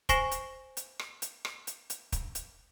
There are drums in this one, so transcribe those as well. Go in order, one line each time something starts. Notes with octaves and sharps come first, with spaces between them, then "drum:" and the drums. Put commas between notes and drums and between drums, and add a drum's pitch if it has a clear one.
C5 G#5 C#6 A#6 C7 E7, drum: kick, hi-hat
drum: hi-hat
drum: hi-hat
drum: rim click
drum: hi-hat
drum: rim click
drum: hi-hat
drum: hi-hat
drum: kick, hi-hat
drum: hi-hat